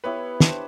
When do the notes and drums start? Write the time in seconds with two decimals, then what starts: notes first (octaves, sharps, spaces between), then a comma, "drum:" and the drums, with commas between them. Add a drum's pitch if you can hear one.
0.04 B3 E4 G4 B4 C#5
0.40 D4 G4 C5, drum: snare